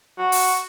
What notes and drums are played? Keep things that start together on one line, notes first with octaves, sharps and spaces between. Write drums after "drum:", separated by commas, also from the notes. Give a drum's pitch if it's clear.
F#4
drum: open hi-hat